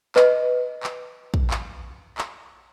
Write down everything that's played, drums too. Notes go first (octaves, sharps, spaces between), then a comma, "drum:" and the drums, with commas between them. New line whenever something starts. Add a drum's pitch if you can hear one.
B4 D#5, drum: clap
drum: clap
drum: kick
drum: clap
drum: clap